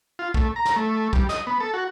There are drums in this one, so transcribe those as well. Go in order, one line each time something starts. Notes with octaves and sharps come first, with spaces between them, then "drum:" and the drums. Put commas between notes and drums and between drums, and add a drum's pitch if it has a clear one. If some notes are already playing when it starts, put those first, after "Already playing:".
F4
A3, drum: kick
A#5
drum: snare
A3
G3, drum: kick
D#5, drum: snare
B3
A4
F#4